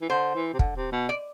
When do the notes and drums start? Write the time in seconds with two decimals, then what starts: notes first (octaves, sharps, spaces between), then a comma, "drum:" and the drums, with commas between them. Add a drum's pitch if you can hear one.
0.02 E3
0.10 D3 C5
0.35 E3
0.54 C3
0.59 D3, drum: kick
0.76 C3
0.92 B2
1.09 D5